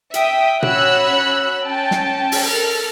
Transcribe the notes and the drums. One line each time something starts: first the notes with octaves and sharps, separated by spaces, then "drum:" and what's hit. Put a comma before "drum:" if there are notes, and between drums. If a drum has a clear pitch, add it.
E5 G5 D#6, drum: hi-hat
C#4 F#4 C#5 B5 E6 F#6, drum: tom A#2
C#4 G5 A5
drum: snare
drum: open hi-hat
A4 A#4 F6